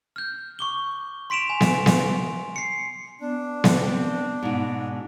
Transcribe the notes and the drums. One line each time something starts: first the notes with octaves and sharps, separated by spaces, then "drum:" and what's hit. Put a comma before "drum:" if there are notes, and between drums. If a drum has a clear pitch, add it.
F6 G6
C#6 D6 G7
C6 B6 D7 E7 F7
G#5
drum: snare B3
drum: snare B3
C7 C#7
B3 D4
drum: snare B3
C4
G#2 B2